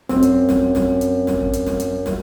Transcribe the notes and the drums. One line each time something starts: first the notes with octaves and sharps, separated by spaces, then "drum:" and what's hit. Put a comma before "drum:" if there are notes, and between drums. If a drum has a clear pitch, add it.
F#2 C4, drum: snare
drum: hi-hat
drum: snare
drum: snare
drum: hi-hat
drum: snare
drum: kick
drum: hi-hat
drum: snare
drum: hi-hat
drum: snare